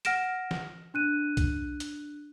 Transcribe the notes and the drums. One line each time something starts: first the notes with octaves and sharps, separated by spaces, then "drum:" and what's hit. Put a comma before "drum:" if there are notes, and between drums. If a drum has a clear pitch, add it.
F#5 F6 A#6 D7 E7, drum: hi-hat
drum: snare
D4 F#6 D#7
drum: kick B1, hi-hat
drum: hi-hat